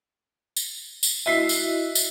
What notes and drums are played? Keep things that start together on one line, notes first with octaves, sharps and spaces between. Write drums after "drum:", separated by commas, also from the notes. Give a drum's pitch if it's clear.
drum: tambourine
drum: tambourine
E4 F#4 D#5 E5 B6 C7
drum: tambourine
drum: tambourine